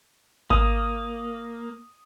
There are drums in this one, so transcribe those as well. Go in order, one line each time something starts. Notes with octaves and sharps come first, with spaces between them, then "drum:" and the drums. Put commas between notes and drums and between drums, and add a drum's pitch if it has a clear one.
A#3 D#6, drum: kick G#1